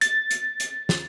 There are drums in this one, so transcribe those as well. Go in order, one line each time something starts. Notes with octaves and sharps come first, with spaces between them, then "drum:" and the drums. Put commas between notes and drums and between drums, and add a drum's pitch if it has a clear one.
A6, drum: hi-hat
drum: hi-hat
drum: hi-hat
drum: snare